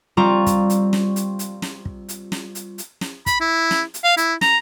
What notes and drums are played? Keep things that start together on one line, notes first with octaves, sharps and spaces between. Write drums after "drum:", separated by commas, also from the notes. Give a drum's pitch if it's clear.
G3 C4 F4 A#5 C#6
drum: kick, hi-hat
drum: hi-hat
drum: snare
drum: hi-hat
drum: hi-hat
drum: snare
drum: kick
drum: hi-hat
drum: snare
drum: hi-hat
drum: hi-hat
drum: snare
B5, drum: kick, hi-hat
E4
drum: snare
drum: hi-hat
F5
E4, drum: hi-hat
A#5, drum: snare